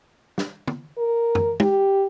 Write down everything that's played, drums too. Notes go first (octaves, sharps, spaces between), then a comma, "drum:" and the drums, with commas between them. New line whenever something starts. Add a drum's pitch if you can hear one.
drum: snare
drum: tom
A#4
drum: tom
G4, drum: tom